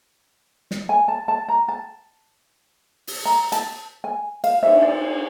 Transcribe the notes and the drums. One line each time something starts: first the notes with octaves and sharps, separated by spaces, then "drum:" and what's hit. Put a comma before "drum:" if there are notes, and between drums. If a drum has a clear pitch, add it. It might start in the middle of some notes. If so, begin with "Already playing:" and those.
drum: snare
G#5
A5
A5
A#5
A5
drum: open hi-hat
A#5
A5, drum: hi-hat
G#5
F5, drum: cymbal
E5, drum: cymbal
D5